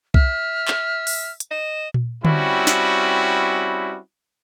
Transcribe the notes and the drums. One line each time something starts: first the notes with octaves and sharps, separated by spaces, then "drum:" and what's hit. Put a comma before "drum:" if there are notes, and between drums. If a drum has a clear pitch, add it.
E5 F6, drum: kick B1
drum: clap
drum: open hi-hat
drum: hi-hat
D#5 E7
drum: tom A#2
G3 C4 C#4 E4 F#4, drum: tom D3
drum: snare